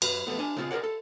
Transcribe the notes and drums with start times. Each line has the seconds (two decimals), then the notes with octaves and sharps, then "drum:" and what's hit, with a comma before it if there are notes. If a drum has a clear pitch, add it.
0.02 F#2 F#3 B4, drum: cymbal
0.27 F2 G#2 A3 B3
0.39 D4 G#5
0.57 C#3 C4 F4 F#4 G#4
0.71 G#4 A#4 C#5 D5 F#5
0.83 A4